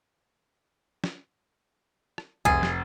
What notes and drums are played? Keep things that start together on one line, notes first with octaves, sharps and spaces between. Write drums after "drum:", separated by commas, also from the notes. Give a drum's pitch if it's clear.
drum: snare
drum: rim click
F1 G#4, drum: kick C2
drum: snare